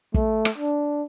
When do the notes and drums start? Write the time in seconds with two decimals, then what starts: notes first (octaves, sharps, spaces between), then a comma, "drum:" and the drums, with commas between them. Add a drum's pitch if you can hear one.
0.14 A3, drum: kick
0.45 drum: rim click
0.58 D4